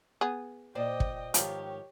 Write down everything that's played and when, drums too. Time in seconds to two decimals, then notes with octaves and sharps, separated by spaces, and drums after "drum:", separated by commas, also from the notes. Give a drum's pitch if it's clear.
0.21 B3 G#4
0.75 A#2 C5 D5 D#5 G5
1.00 drum: kick
1.34 G#2 D#3 F3 G4 C#5, drum: hi-hat